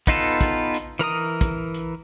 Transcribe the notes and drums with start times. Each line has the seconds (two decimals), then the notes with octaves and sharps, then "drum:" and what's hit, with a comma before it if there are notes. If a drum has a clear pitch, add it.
0.07 B3 D#4 F4 A4 B4, drum: kick, hi-hat
0.41 drum: kick, hi-hat
0.74 drum: hi-hat
0.99 E3 A#4 A#5 D#6
1.41 drum: kick, hi-hat
1.74 drum: hi-hat